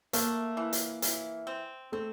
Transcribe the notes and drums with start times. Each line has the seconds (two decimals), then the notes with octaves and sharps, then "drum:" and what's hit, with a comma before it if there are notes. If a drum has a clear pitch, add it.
0.13 A3 A#3, drum: hi-hat
0.57 E3
0.73 drum: hi-hat
1.02 E3, drum: hi-hat
1.47 C4
1.92 A3 C4